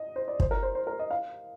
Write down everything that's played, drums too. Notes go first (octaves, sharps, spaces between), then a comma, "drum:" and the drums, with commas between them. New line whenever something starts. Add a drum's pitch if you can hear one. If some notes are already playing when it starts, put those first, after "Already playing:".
Already playing: D#5
C5
D5
C5, drum: kick
A#4
C5
C5
A#4
D#5
F5